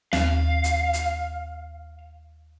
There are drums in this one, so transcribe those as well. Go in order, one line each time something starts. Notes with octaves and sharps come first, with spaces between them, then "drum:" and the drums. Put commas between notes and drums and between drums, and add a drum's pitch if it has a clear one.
D#2 F5, drum: snare
drum: hi-hat
drum: hi-hat